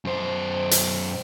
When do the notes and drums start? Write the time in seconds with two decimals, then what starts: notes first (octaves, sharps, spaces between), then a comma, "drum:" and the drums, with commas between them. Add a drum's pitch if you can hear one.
0.05 F#2 C5
0.71 drum: hi-hat